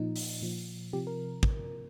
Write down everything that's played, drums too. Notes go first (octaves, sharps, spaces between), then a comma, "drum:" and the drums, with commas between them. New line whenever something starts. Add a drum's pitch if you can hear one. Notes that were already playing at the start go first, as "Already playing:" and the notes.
Already playing: A#2 F3 D#4
drum: open hi-hat
A#2 F3
C3 F3 G4
A#4
drum: kick